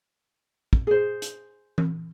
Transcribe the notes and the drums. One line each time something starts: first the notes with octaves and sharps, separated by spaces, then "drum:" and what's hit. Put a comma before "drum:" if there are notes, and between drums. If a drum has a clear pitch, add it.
drum: kick
G#4 C5
drum: hi-hat
drum: tom E3